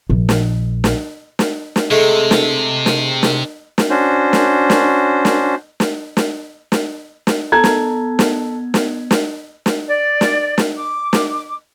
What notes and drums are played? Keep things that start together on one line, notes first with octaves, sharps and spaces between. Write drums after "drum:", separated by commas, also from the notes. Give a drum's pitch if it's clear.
A#1
drum: snare
drum: snare
drum: snare
drum: snare
C3 G#3 A3
drum: snare
drum: snare
drum: snare
drum: snare
C#4 D4 F#4 C5
drum: snare
drum: snare
drum: snare
drum: snare
drum: snare
drum: snare
drum: snare
B3 A4 A#5 G#6
drum: snare
drum: snare
drum: snare
drum: snare
drum: snare
D5
drum: snare
drum: snare
D6
drum: snare